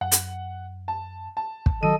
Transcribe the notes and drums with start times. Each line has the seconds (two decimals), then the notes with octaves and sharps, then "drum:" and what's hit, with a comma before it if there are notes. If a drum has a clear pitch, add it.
0.01 F#2 F#5
0.12 drum: hi-hat
0.88 A5
1.37 A5
1.66 drum: kick
1.83 D#3 F#3 A4 D#5 D#7